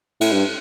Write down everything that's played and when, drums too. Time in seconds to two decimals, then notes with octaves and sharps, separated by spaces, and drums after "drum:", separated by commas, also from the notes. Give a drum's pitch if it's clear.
0.21 A2, drum: cymbal
0.32 G2